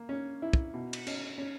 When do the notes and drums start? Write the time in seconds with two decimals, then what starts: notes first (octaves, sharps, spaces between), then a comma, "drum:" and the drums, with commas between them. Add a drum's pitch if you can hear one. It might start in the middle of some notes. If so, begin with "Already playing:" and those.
Already playing: A#3
0.09 C#4
0.42 E4
0.53 drum: kick
0.74 B2
0.93 drum: cymbal
1.07 C#4, drum: cymbal
1.38 C#4